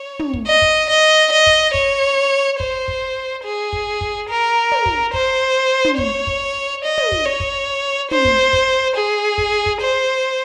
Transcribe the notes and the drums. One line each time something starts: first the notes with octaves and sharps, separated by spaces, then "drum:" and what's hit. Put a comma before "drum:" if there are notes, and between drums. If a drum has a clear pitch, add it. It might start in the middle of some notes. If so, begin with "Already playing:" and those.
Already playing: C#5
drum: tom
drum: kick
D#5
drum: kick
D#5
D#5
drum: kick
C#5, drum: kick
C5, drum: kick
drum: kick
G#4
drum: kick
drum: kick
A#4
drum: tom
drum: kick
C5, drum: kick
drum: tom
C#5, drum: kick
drum: kick
D#5
drum: tom
drum: kick
C#5
drum: kick
C5, drum: tom
drum: kick
drum: kick
G#4
drum: kick
drum: kick
C5